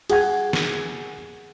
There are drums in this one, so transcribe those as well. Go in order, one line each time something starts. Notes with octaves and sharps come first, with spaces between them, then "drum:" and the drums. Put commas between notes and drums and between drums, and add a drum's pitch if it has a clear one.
G#4 F#5 G#6, drum: cymbal
drum: snare